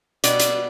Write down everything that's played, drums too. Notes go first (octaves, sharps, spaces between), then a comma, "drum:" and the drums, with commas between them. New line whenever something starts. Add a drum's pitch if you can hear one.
B2 G3 D4 D5, drum: hi-hat
drum: hi-hat